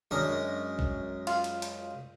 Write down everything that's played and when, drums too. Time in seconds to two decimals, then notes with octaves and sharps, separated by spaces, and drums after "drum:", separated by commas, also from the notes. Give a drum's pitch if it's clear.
0.11 F#2 G#3 D4 A#4, drum: tom D#3
0.79 drum: kick
1.27 F4, drum: cymbal
1.44 drum: hi-hat
1.62 drum: hi-hat